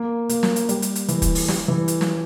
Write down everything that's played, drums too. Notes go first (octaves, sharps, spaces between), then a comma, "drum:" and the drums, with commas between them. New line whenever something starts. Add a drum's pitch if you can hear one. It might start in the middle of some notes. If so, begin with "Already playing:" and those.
Already playing: A#3
A#3, drum: hi-hat
drum: snare
drum: hi-hat
G3, drum: hi-hat
drum: hi-hat
drum: hi-hat
E3, drum: hi-hat
drum: kick, hi-hat
drum: open hi-hat
G3, drum: snare
E3
drum: hi-hat
drum: snare